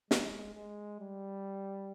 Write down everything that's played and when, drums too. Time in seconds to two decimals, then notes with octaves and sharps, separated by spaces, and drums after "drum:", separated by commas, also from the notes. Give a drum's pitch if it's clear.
0.11 G#3, drum: snare
0.55 G#3
1.00 G3